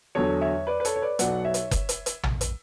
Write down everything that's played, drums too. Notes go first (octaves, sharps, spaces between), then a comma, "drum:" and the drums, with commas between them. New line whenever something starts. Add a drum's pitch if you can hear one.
E2 D3 F#3 A4 C#5
C#5 E5
B4 D5
B4
A4 C#5, drum: hi-hat
C#5
B4 D5
B1 B2 F#3 D5 F#5, drum: hi-hat
C#5 E5
drum: hi-hat
drum: kick F#1, hi-hat
drum: hi-hat
drum: hi-hat
drum: tom
drum: hi-hat